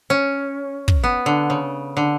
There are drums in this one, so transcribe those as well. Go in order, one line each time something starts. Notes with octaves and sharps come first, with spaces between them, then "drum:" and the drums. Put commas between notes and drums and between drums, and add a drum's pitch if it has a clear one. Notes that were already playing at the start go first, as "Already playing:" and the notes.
C#4
drum: kick
B3
D3
C#3
D3